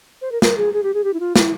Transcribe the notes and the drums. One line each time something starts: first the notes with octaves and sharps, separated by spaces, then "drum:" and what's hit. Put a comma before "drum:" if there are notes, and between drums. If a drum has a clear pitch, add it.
C5
A#4
A#4, drum: snare
G#4
G#4
G4
G#4
G4
E4
F4
E4, drum: snare